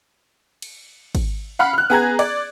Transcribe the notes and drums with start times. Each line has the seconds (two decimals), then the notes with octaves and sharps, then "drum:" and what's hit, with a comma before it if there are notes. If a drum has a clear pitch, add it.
0.62 drum: cymbal
1.15 drum: kick G#1, cymbal
1.59 F5 F#5 B5 F6
1.73 F6 F#6
1.90 B3 G#4 A#5 G#6
2.19 D5, drum: cymbal